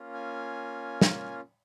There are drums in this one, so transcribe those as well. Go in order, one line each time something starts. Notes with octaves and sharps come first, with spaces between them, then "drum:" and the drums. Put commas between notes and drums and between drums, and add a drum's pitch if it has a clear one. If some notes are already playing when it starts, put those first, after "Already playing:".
Already playing: A#3 C#4 F4
G#5
drum: snare